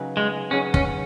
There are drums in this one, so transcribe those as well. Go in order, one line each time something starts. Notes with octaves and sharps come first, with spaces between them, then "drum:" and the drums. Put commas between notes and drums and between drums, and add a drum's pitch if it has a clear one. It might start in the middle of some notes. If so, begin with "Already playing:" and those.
Already playing: C#3 F#3 D#4 G#4 B4
G#3
C#3 F#3 C#4 D#4 G#4 B4
C#4, drum: kick